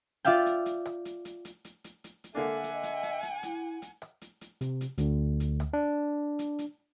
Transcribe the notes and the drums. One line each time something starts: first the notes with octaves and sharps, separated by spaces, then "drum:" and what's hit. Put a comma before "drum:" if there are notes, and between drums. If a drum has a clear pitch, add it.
F4 D5 E5 F5 G5, drum: hi-hat
drum: hi-hat
drum: hi-hat
drum: rim click
drum: hi-hat
drum: hi-hat
drum: hi-hat
drum: hi-hat
drum: hi-hat
drum: hi-hat
drum: hi-hat
D3 A#3 D4 A4 E5 F#5 G#5
drum: hi-hat
D#5
drum: hi-hat
drum: hi-hat
drum: hi-hat
E4, drum: hi-hat
drum: hi-hat
drum: rim click
drum: hi-hat
drum: hi-hat
C3, drum: hi-hat
drum: hi-hat
D2 D3, drum: hi-hat
drum: hi-hat
drum: rim click
D4
drum: hi-hat
drum: hi-hat